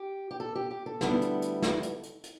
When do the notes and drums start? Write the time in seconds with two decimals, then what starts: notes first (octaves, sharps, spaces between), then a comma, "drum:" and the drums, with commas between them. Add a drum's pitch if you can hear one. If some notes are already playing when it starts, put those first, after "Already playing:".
Already playing: G4
0.31 G4
0.40 A4
0.55 G4
0.71 G4
0.86 A4
1.01 D2 D3 G3 B3 E4, drum: snare
1.22 drum: hi-hat
1.42 drum: hi-hat
1.62 drum: snare
1.83 drum: hi-hat
2.03 drum: hi-hat
2.24 drum: hi-hat